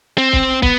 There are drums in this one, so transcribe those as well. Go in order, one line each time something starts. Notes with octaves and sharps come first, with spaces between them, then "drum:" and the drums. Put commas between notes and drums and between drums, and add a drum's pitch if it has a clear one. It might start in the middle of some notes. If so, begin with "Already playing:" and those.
C4
drum: kick
B3, drum: kick